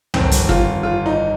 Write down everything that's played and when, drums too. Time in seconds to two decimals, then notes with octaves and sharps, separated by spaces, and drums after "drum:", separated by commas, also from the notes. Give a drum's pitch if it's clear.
0.14 G1 F2 D#3 C4, drum: tom
0.31 drum: hi-hat
0.49 F4, drum: kick
0.83 F4
1.06 D#4